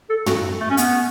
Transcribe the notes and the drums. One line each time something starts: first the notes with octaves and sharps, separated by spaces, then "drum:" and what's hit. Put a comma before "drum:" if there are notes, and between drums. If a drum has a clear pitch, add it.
A4
F#4, drum: tom
A3
C#4
B3, drum: hi-hat